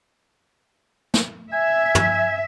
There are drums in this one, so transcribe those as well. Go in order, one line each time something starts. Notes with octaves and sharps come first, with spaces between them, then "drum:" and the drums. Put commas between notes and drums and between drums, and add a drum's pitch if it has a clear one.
drum: snare
E5 G#5
drum: tom